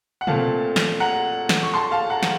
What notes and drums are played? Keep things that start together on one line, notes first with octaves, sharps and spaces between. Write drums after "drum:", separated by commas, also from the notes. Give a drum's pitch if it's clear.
F#5
A#2 A3 C4 F5 A5, drum: tom B2
drum: snare
F#5 A#5
drum: snare
C#6
A5 C6
F5 A5
F#5 A#5
drum: snare